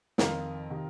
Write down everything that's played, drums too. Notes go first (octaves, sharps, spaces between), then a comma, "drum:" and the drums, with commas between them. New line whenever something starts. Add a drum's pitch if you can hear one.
F2 D#3 F4 A#4, drum: snare
C3 D#3